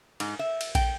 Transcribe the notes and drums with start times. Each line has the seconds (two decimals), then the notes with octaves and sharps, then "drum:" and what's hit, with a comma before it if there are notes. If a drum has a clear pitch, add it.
0.20 G#2, drum: cymbal
0.39 E5
0.61 drum: cymbal
0.75 G5, drum: kick A#1, cymbal